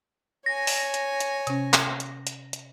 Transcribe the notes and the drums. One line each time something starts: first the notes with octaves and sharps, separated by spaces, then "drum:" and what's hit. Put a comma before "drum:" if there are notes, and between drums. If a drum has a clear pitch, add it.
C#5 G#5 A#6
drum: open hi-hat
drum: hi-hat
drum: hi-hat
C3 C#4, drum: hi-hat
drum: clap
drum: hi-hat
drum: hi-hat
drum: hi-hat